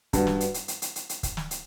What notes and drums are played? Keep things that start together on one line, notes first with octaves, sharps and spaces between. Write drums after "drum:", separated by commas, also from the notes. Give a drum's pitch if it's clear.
G2 D4 F#4 B4 D5 F#5, drum: kick, hi-hat
drum: snare
drum: hi-hat
drum: hi-hat
drum: hi-hat
drum: hi-hat
drum: hi-hat
drum: hi-hat
drum: kick, hi-hat
drum: snare
drum: hi-hat